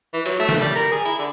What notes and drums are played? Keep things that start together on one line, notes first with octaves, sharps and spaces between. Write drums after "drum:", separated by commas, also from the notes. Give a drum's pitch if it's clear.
E3
F#3, drum: cymbal
A3
drum: snare
G3
A#4
G#4
E4
D3